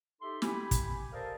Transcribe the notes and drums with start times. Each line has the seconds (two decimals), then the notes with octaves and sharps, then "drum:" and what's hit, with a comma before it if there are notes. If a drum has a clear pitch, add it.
0.21 D#4 G4 A4 E5 C6
0.42 G4 G#5 B5, drum: snare
0.71 drum: kick, hi-hat
1.12 A4 A#4 C5 D5 D#5 F5